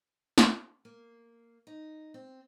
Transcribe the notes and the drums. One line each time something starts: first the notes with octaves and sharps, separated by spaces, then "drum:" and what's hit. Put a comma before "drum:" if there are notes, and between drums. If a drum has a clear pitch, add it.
drum: snare
A#3
D#4
C4